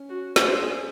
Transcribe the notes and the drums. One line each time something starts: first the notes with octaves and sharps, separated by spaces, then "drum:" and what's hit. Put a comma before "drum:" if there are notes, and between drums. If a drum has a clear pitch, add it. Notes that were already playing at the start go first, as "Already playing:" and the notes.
Already playing: C#4
F#4
C#4, drum: snare
D4 C5
G#4